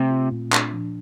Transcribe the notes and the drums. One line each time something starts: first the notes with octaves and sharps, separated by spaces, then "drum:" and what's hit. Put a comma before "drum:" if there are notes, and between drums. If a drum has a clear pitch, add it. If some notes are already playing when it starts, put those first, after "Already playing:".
Already playing: C3 A3 C4
F4
A#2
D4, drum: clap
F3